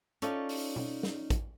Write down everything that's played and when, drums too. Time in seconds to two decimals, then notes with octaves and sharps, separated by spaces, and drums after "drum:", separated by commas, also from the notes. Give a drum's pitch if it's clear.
0.22 C#4 D#4 F4 A4 C#5 D5, drum: hi-hat
0.49 drum: open hi-hat
0.76 drum: tom B2
1.03 drum: snare
1.30 drum: kick, hi-hat